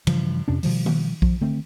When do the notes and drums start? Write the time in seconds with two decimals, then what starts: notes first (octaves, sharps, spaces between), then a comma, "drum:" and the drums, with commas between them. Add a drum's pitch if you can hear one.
0.07 G2 C#3 E3 F3, drum: cymbal
0.48 F2 C3 C#4 D4
0.63 B2 D#3 F3 G3, drum: open hi-hat
0.86 drum: tom D#3
1.22 F3, drum: kick A#1
1.41 D3 A3 C4